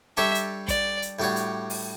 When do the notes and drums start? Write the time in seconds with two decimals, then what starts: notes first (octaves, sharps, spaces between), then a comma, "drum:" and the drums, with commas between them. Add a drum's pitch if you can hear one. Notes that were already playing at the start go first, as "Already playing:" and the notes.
0.17 G3 D4 A4 C#5 E5
0.35 drum: hi-hat
0.68 D5, drum: kick, hi-hat
1.02 drum: hi-hat
1.19 A2 G3 D4 F#4 C#5
1.36 drum: hi-hat
1.70 drum: open hi-hat